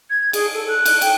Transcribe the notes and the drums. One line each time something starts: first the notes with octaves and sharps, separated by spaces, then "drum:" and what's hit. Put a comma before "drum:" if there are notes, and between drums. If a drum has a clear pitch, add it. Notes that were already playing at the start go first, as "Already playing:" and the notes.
G#6
G#4, drum: cymbal
A4
F#6
drum: cymbal
G5, drum: cymbal